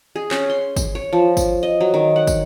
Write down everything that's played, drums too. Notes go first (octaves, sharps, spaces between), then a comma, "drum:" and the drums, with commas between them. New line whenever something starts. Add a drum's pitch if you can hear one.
G#4
C#4, drum: clap
C6
drum: kick, tambourine
C#5
F3
drum: kick, tambourine
D#5
F#3
D#3
F#5
drum: kick, tambourine